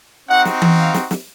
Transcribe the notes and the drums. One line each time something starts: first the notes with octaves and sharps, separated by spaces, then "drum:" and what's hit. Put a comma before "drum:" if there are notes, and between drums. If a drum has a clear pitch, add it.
C4 D#4 F#4 F#5
drum: snare
drum: tom E3
F5
drum: snare
drum: snare